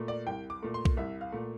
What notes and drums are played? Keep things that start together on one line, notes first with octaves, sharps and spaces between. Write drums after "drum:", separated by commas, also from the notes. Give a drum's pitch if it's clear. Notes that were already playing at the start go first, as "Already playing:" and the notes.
Already playing: A#2 A3
D5
C2 G5
D6
A#2 A3
C6
drum: kick B1
C2 E5
F5
A#2 A3